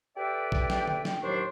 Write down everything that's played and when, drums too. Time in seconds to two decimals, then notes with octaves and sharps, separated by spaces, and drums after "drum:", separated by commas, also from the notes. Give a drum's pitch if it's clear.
0.17 G4 A4 B4 D5 E5 G5
0.52 drum: kick
0.70 drum: snare
0.87 drum: tom D3
1.05 drum: snare
1.23 D#2 A2 F#3 D4 C5 C#6